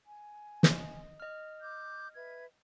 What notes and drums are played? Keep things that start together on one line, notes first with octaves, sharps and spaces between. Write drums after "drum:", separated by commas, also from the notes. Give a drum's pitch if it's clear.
G#5
D#5, drum: snare
D#5 F6
D6 F#6 G6
B4 E5 G#6